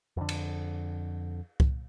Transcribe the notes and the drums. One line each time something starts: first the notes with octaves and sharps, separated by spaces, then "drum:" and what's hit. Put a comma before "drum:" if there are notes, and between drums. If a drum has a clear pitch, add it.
F2 D3
drum: cymbal
drum: kick C2